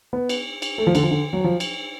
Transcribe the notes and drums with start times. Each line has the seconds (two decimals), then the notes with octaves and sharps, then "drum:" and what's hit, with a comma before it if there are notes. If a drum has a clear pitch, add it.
0.13 B3
0.29 drum: cymbal
0.62 drum: cymbal
0.78 A3
0.87 F3
0.95 D3, drum: cymbal
1.03 F3
1.11 D3
1.33 F#3
1.44 F3
1.60 drum: cymbal